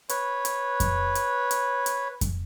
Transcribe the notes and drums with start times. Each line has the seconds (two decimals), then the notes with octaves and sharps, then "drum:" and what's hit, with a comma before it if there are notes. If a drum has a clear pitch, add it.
0.09 B4 C#5, drum: hi-hat
0.45 drum: hi-hat
0.80 drum: kick F2, hi-hat
1.15 drum: hi-hat
1.51 drum: hi-hat
1.86 drum: hi-hat
2.21 drum: kick F2, hi-hat